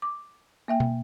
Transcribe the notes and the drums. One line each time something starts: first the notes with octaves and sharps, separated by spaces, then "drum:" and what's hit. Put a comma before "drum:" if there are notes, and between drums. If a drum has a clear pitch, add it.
D6
A#3 E5 G5
drum: tom